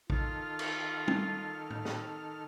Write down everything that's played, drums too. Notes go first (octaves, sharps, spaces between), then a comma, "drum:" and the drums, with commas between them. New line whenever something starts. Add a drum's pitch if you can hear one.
D#3 F4 A4 F6, drum: kick
drum: cymbal
drum: tom
drum: tom
drum: snare